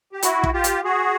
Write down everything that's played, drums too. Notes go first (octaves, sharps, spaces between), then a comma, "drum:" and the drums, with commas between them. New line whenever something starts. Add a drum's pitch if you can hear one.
G4
E4 F#4, drum: hi-hat
drum: kick
F4 G4
drum: hi-hat
F#4 G#4